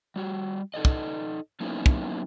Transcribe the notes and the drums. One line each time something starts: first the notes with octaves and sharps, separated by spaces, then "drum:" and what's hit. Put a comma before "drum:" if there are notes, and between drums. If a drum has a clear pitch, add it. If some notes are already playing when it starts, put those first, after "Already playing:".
G3 F#4
D#4 A4 D5 D#5
drum: kick
F#3 A#3 B3 C#4 D#4 E4
drum: kick